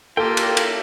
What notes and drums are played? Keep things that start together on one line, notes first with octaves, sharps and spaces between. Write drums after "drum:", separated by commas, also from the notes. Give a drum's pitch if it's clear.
A#3 F4 G4 A4 A#4 G5
drum: cymbal
drum: cymbal